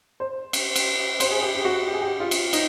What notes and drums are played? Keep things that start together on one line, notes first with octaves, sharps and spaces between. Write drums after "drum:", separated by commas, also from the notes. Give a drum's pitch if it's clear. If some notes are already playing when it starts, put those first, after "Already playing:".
C5
drum: cymbal
drum: cymbal
C5, drum: cymbal
G#4
G4
G4
F#4
G4
G#4
G4
F4
drum: cymbal
D#4, drum: cymbal